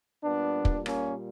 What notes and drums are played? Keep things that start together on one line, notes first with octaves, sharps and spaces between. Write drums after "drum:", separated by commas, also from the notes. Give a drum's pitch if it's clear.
A#2 G3 B3 D4
drum: kick
A#3 C#4, drum: rim click